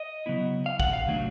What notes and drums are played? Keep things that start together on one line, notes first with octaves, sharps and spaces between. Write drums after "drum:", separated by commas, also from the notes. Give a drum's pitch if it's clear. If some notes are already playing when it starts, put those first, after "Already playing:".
Already playing: D#5
C#3 F#3 B3 E4
F5
F#5, drum: kick G#1
F5
C3 D#3 F#3 A3 D4